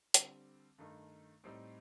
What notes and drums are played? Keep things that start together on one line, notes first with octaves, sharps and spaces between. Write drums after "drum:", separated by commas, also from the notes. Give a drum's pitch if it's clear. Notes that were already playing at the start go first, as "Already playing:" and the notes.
D3 G3 C4, drum: hi-hat
G2 D#3 A3 D#4
A2 G3 C4 D#4